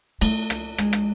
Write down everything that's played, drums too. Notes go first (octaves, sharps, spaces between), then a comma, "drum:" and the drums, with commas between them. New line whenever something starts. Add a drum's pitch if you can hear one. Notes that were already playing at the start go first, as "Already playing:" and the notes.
A3, drum: cymbal
drum: rim click
G#3, drum: rim click
drum: rim click